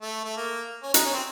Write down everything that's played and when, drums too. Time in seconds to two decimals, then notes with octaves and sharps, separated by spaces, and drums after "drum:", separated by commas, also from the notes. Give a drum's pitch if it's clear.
0.02 A3
0.25 A3
0.37 A#3
0.83 C#4
0.94 D#4, drum: hi-hat
1.05 C#4
1.14 C4